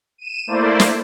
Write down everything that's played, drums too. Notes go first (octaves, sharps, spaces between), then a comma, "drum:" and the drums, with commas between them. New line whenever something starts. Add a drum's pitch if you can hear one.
D#7 E7
A3 A#3 E4 C5 D5
drum: snare